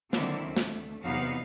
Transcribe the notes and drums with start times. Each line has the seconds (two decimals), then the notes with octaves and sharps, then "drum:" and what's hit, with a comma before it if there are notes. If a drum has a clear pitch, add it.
0.13 D3 D#3 F#3 A#3 C4 E4, drum: snare
0.47 D2 A3
0.56 drum: snare
1.05 E2 C3 F#3 B3 D#4 F5